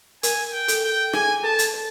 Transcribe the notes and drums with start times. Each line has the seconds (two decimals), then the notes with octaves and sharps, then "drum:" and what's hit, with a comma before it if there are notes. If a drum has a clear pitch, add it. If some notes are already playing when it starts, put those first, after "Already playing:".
0.23 A#4 G#5, drum: hi-hat
0.53 G5
0.68 A4, drum: hi-hat
0.84 G5
1.13 G#4 G#5, drum: rim click
1.43 A4 A5
1.59 drum: hi-hat
1.74 C#5